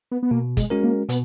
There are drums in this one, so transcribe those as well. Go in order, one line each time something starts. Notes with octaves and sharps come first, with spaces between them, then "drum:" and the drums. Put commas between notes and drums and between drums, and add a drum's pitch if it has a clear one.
B3
B3
B2 A#3
G#3, drum: kick, hi-hat
G#3 C#4 F#4 A#4
A#3
B2 B3, drum: hi-hat